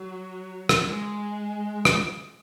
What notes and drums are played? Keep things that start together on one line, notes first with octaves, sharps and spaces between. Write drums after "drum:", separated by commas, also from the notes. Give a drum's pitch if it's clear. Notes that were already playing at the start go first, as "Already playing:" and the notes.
Already playing: F#3
drum: rim click
G#3
drum: rim click